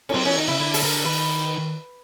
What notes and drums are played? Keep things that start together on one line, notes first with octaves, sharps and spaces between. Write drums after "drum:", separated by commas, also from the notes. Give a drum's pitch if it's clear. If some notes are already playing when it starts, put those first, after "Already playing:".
C#4, drum: cymbal
F#3 C4
F3 C#4
E3
D#3 D#4
C#3 E4
D3 E4
A4, drum: open hi-hat
D3 A#4
D#3 B4